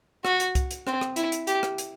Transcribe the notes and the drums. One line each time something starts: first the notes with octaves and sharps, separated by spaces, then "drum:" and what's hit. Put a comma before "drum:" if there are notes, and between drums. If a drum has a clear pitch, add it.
F#4, drum: rim click
drum: hi-hat
drum: kick C2, hi-hat
drum: hi-hat
C4, drum: rim click
drum: rim click
E4, drum: hi-hat
drum: hi-hat
G4, drum: hi-hat
drum: rim click
drum: hi-hat